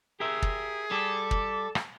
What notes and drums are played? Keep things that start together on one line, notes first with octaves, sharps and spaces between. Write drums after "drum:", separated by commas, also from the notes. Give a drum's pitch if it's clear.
G4 G#4 A#4 E5
drum: kick
G3 A4 D6
drum: kick
drum: rim click